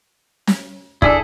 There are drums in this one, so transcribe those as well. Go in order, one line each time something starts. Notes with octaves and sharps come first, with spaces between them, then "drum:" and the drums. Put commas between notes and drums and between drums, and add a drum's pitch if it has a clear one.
drum: snare
D4 E4 G#4 A4, drum: kick